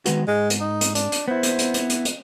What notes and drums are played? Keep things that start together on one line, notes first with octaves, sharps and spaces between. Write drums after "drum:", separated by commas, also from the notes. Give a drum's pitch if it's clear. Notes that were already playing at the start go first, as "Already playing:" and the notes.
D#3 G#3 B3 F#4, drum: hi-hat
G#2 G#3
drum: hi-hat
D#4
drum: hi-hat
D4, drum: hi-hat
drum: hi-hat
B3 E4 C5
drum: hi-hat
drum: hi-hat
drum: hi-hat
drum: hi-hat
drum: hi-hat